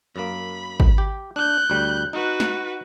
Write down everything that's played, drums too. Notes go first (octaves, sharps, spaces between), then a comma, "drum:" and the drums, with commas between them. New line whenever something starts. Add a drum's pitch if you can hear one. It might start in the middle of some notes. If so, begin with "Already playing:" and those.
F#2 A#3 B5
drum: kick G#1
G4
D4 F#6 G6
D2 G3
D#4 F#4 B4
drum: snare